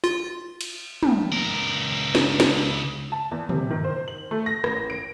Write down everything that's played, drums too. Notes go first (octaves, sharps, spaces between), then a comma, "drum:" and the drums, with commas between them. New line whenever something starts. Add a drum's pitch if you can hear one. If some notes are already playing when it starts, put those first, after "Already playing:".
F4
drum: cymbal
drum: tom
C#2 A#4
drum: snare
drum: snare
A5
E2
C3, drum: tom
D#3
C5
F#7
A3
A#6
A1, drum: rim click
D7